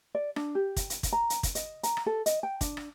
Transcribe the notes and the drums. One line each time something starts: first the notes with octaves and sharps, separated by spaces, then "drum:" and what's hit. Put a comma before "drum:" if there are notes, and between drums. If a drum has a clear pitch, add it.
D5
D4, drum: rim click
G4
drum: kick, hi-hat
drum: hi-hat
drum: kick, hi-hat
A#5
drum: hi-hat
drum: kick, hi-hat
D#5, drum: hi-hat
A#5, drum: hi-hat
drum: rim click
A4
D#5, drum: hi-hat
G5
D4, drum: kick, hi-hat
drum: rim click